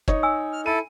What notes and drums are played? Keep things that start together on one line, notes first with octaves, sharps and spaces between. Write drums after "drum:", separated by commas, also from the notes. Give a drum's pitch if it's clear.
D#4 C#5 D#5, drum: kick
G#5 E6
F6
E4 A4 D#7